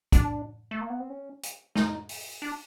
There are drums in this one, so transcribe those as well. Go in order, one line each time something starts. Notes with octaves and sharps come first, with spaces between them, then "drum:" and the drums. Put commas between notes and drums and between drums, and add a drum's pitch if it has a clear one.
D4, drum: kick, hi-hat
A3
A#3
B3
C4
C#4
drum: hi-hat
D#4, drum: snare
drum: open hi-hat
D4